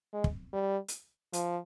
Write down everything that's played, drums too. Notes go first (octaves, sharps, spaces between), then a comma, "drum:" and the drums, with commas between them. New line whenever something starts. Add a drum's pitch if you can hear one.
G#3
drum: kick
G3
drum: hi-hat
F3, drum: hi-hat